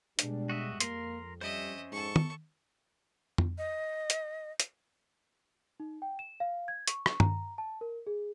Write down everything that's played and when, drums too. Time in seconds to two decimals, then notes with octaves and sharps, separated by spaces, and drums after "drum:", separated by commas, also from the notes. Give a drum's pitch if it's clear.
0.19 B2 G3 G#3 D4, drum: hi-hat
0.49 F#4 D#5 E5
0.80 F2 A#3 A#4 C6, drum: hi-hat
1.41 G3 C#4 C5 D#5 E5
1.92 G#2 A4 C#6
2.16 drum: tom
3.38 drum: tom F2
3.58 D#5
4.10 drum: hi-hat
4.60 drum: hi-hat
5.80 D#4
6.02 G5
6.19 E7
6.40 F5
6.68 G#6
6.88 C#6, drum: hi-hat
7.06 C#6, drum: rim click
7.20 A#5, drum: tom G2
7.58 A5
7.81 A#4
8.07 G#4